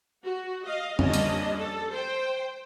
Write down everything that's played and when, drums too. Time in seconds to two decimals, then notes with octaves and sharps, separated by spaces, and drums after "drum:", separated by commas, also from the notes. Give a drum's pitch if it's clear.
0.24 F#4
0.66 D#5 F5
0.99 F3 G3 A#3 C#4 D4 D#5, drum: tom
1.14 drum: hi-hat
1.57 A4
1.92 C5 G5